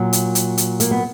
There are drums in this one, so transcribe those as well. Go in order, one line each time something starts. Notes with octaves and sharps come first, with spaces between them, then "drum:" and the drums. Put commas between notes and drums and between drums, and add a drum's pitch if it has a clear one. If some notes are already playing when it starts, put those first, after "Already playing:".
Already playing: A#2 F#3
drum: hi-hat
drum: hi-hat
drum: hi-hat
A#3, drum: hi-hat
B3